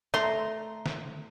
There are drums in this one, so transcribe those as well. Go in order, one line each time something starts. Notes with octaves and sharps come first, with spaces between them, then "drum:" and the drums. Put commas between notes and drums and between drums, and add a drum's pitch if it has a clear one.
A3 A#5 C6, drum: rim click
drum: snare